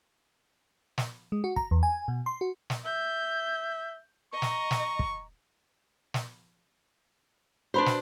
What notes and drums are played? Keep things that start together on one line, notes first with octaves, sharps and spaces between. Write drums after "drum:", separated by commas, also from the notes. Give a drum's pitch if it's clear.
drum: snare
G#3
F#4
A#5, drum: kick
E2
G#5
B2
C6
F#4
drum: snare
E5 G6
D#5 A#5 C#6
drum: snare
drum: snare
drum: kick
drum: snare
D4 F#4 B4 C5 B5
drum: snare